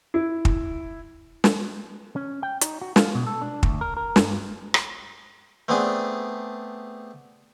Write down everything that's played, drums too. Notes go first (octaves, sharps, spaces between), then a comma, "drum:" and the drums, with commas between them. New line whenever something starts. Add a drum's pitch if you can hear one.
E4
drum: kick
drum: snare
C#4
G5
D#4, drum: hi-hat
F#4
F4, drum: snare
B2
A4
D4
D2, drum: kick
A#4
A#4
G2, drum: snare
drum: rim click
A3 B3 C4 D4 G#4